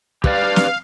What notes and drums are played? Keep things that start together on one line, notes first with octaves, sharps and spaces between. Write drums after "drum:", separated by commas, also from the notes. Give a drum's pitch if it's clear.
G4 B4 D5 F5, drum: kick
drum: snare